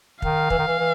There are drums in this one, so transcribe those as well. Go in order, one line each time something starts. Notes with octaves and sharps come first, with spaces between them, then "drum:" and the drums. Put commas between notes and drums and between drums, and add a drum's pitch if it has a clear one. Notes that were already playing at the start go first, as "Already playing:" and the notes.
D#3 F5, drum: kick
E3, drum: kick
D#3
E3
E3